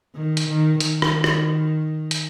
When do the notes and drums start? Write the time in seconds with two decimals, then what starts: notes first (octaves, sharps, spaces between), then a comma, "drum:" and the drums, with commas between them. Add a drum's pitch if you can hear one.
0.15 D#3
0.37 drum: hi-hat
0.48 D#3
0.80 D#3, drum: hi-hat
1.02 drum: rim click
1.24 drum: rim click
2.11 drum: hi-hat